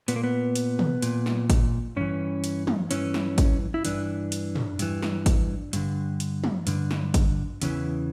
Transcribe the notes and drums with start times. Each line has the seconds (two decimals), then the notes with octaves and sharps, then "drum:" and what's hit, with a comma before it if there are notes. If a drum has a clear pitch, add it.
0.08 A#2 B3, drum: hi-hat
0.16 A#3
0.24 B3
0.56 drum: hi-hat
0.79 drum: tom
1.02 A#2, drum: hi-hat
1.26 drum: snare
1.50 drum: kick G#1, hi-hat
1.96 G2 E3 C#4
2.44 drum: hi-hat
2.67 drum: tom
2.91 G2 E3 C#4, drum: hi-hat
3.14 drum: snare
3.38 drum: kick G#1, hi-hat
3.74 E4
3.85 G2 E3 D4, drum: hi-hat
4.32 drum: hi-hat
4.55 drum: tom
4.79 G2 E3, drum: hi-hat
5.02 drum: snare
5.26 drum: kick G#1, hi-hat
5.73 G2 D3, drum: hi-hat
6.20 drum: hi-hat
6.44 drum: tom
6.67 G2 D3, drum: hi-hat
6.91 drum: snare
7.14 drum: kick G#1, hi-hat
7.62 E2 C#3 E3, drum: hi-hat